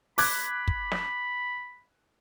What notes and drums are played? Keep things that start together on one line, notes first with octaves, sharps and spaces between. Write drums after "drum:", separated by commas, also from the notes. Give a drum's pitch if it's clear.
B5 D6 F#6 G#6, drum: open hi-hat
drum: kick
drum: snare